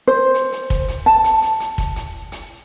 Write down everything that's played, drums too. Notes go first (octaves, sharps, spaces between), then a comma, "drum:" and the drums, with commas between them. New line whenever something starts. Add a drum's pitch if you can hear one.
C5
drum: hi-hat
drum: hi-hat
drum: kick, hi-hat
drum: hi-hat
A5
drum: hi-hat
drum: hi-hat
drum: hi-hat
drum: kick, hi-hat
drum: hi-hat
drum: hi-hat